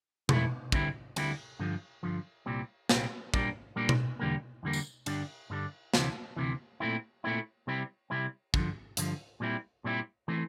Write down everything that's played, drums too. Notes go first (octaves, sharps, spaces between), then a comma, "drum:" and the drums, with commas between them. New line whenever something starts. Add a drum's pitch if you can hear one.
F2 E3 A3 E4, drum: tom B2
D2 D3 G3 C4 E4, drum: kick
D2 D3 G3 C4 E4, drum: cymbal
G2 D3 F3
G2 D3 F3
C2 A#2 G3 C4
C2 A#2 G3 C4, drum: snare
A#2 G3 A#3 D4, drum: kick
A#2 G3 A#3 D4
drum: tom B2
E2 D3 G3 A#3
E2 D3 G3 A#3
drum: tambourine
G2 D3 G3 D4, drum: cymbal
G2 D3 G3 D4
D2 C3 E3, drum: snare
D2 C3 E3
A#2 A3 C4 E4
A#2 A3 C4 E4
C3 G3 C4 E4
C3 G3 C4 E4
G2 D3 F3, drum: kick
G2 D3 F3, drum: hi-hat
A#2 G3 C4 E4
A#2 G3 C4 E4
E3 A3 C4